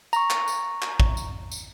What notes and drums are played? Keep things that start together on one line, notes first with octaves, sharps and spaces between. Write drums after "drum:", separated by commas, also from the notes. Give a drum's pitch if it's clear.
A#5 C#6, drum: tambourine
drum: clap
drum: tambourine
drum: clap
drum: kick
drum: tambourine
drum: tambourine